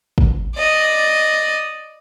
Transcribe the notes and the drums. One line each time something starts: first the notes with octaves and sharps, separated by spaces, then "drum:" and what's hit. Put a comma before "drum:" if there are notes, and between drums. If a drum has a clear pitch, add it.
drum: kick
D5 D#5